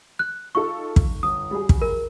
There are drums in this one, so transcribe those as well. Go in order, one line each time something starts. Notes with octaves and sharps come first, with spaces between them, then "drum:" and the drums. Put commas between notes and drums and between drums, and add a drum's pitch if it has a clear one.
F#6
D#4 F4 A4 C#6
drum: kick
G1 D#6
G3 F#4 G#4
drum: kick
A#4